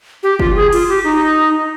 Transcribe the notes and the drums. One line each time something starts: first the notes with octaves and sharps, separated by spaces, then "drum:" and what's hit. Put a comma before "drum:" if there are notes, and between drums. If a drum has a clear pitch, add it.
G4
F4, drum: kick
G#4
F4, drum: cymbal
G4
D#4